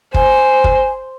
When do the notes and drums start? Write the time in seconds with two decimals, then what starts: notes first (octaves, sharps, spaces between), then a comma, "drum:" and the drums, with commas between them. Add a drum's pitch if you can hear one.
0.14 C5 G#5, drum: kick
0.64 drum: kick